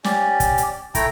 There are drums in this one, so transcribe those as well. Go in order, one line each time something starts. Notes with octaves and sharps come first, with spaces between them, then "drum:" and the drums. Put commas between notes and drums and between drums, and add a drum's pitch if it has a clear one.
C#4 G4 D5, drum: snare
drum: kick, hi-hat
drum: hi-hat
A3 E4 G5 A#5, drum: kick, hi-hat